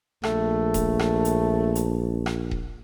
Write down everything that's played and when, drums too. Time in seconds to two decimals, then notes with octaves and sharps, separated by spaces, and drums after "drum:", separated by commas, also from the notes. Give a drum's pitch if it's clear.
0.23 A#1 A3, drum: rim click
0.74 drum: kick D#1, hi-hat
0.99 drum: rim click
1.25 drum: hi-hat
1.75 drum: hi-hat
2.26 drum: rim click
2.51 drum: kick D#1